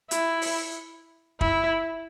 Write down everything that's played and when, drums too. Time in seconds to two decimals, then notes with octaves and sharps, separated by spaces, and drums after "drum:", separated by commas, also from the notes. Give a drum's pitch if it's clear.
0.11 E4, drum: hi-hat
0.42 drum: open hi-hat
1.41 E4, drum: kick